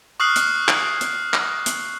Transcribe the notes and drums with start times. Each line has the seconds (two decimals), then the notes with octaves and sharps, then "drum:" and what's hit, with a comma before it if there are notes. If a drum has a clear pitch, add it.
0.20 C#6 D#6 F6 F#6 C7 F#7
0.36 drum: hi-hat
0.68 drum: clap
1.01 drum: hi-hat
1.34 drum: clap
1.66 drum: hi-hat